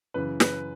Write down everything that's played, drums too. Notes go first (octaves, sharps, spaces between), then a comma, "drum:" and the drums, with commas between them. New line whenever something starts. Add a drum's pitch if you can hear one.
F#2 C#3 E3 B4
B4, drum: snare